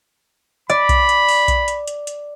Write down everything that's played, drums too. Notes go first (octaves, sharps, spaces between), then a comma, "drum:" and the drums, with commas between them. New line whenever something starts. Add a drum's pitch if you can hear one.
D5 B5, drum: hi-hat
drum: kick B1, hi-hat
drum: hi-hat
drum: open hi-hat
drum: kick B1, hi-hat
drum: hi-hat
drum: hi-hat
drum: hi-hat